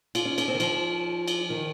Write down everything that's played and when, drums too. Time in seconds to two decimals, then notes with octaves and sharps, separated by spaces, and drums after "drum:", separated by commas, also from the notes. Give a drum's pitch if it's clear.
0.15 F4, drum: cymbal
0.25 C#4
0.38 C#4, drum: cymbal
0.48 C4
0.54 D#3
0.60 F3, drum: cymbal
1.28 drum: cymbal
1.50 D#3